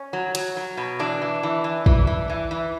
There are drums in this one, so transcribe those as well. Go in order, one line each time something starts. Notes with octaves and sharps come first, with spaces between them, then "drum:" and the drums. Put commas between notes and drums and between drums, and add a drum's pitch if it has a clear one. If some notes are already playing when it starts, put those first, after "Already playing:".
Already playing: C#4
F#3
F#3, drum: hi-hat
F#3
B2
E3 D4
E3
E3
E3
E3, drum: kick
E3
E3
E3